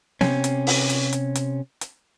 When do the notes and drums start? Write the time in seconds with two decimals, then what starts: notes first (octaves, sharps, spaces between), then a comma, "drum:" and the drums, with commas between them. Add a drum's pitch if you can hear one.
0.21 C3 C#4, drum: snare B3
0.44 drum: hi-hat
0.67 drum: open hi-hat
0.90 drum: hi-hat
1.13 drum: hi-hat
1.35 drum: hi-hat
1.81 drum: hi-hat